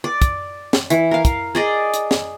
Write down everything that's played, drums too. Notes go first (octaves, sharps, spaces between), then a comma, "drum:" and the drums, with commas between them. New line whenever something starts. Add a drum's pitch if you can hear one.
D5
drum: kick, hi-hat
drum: snare
E3, drum: hi-hat
A#4 F5
drum: kick, hi-hat
G#4 D5 D#5
drum: hi-hat
drum: snare